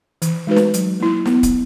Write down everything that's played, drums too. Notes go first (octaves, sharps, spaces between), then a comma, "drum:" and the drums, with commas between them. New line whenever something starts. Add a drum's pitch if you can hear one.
E3, drum: hi-hat
G#3 D#4 F#4 B4
drum: snare
F#3, drum: hi-hat
A#3 E4
B3, drum: snare
drum: kick, hi-hat